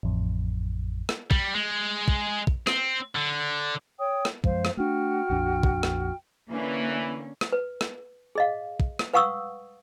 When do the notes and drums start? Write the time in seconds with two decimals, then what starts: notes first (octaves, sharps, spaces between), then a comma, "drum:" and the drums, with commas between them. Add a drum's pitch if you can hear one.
0.03 A1 F2
1.09 drum: rim click
1.31 G3, drum: kick
1.55 G#3
2.08 drum: kick
2.47 drum: kick
2.67 C4, drum: rim click
3.16 D3
3.98 C#5 G5 D#6
4.25 drum: rim click
4.44 F#2 F3 G#3 C5 F5, drum: kick
4.65 drum: rim click
4.77 A3 D4 F#4 G5 F6
5.30 A#1 F2 D4
5.63 drum: kick
5.83 drum: rim click
6.51 D3 E3 A#3 C#4
7.41 drum: rim click
7.53 B4
7.81 drum: rim click
8.35 G#4 D#5 F5
8.80 drum: kick
8.99 drum: rim click
9.14 B4 F5 F#5 C#6 D#6 E6